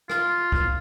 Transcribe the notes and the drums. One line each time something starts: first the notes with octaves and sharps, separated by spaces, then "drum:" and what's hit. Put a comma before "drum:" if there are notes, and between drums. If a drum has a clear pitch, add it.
F4, drum: rim click
drum: kick